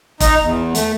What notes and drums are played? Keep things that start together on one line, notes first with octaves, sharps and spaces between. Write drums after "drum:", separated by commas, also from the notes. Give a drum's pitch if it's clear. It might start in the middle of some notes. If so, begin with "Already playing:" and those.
D#4, drum: kick F1, hi-hat
E2
A3, drum: hi-hat